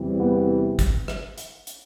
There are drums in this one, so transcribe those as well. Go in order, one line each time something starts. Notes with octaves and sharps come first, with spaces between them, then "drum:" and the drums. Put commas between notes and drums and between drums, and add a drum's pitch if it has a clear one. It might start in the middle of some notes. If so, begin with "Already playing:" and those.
Already playing: E2 C3 E3 G3
B3
drum: kick, hi-hat
drum: rim click
drum: hi-hat
drum: hi-hat